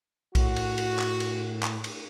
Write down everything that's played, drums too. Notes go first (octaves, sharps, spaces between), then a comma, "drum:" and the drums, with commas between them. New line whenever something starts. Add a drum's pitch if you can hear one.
A2 F#4, drum: kick B1, cymbal
drum: cymbal
drum: cymbal
drum: clap
drum: cymbal
drum: clap
drum: cymbal